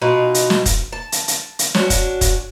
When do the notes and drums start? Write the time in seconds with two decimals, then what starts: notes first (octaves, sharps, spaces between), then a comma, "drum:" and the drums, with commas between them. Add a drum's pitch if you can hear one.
0.02 B2 D#4 F4
0.34 drum: hi-hat
0.50 drum: snare
0.66 drum: kick, hi-hat
0.92 A5
1.12 drum: hi-hat
1.28 drum: hi-hat
1.59 drum: hi-hat
1.74 C#4 D4 F#4, drum: snare
1.90 drum: kick, hi-hat
2.21 drum: kick, hi-hat